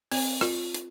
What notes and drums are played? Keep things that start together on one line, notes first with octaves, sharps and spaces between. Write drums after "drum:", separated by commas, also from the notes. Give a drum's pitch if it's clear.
C4, drum: open hi-hat
F4, drum: rim click
drum: hi-hat